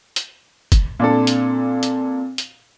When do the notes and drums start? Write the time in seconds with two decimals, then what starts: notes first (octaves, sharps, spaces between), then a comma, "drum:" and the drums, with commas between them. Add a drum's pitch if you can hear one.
0.16 drum: hi-hat
0.72 drum: kick, hi-hat
1.00 A#2 C4 D4 A4
1.27 drum: hi-hat
1.83 drum: hi-hat
2.38 drum: hi-hat